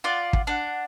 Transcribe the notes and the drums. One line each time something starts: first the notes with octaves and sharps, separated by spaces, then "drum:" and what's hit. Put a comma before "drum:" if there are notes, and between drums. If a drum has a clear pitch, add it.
F4 D5 F#5
drum: kick
D4 F#5